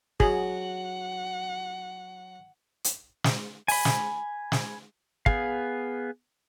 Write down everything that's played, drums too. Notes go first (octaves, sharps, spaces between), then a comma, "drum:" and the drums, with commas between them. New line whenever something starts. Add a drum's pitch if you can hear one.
F#3 G#4 F#5, drum: kick
drum: hi-hat
drum: snare
G#5 B5, drum: open hi-hat
drum: snare
drum: snare
B3 G#4 F5, drum: kick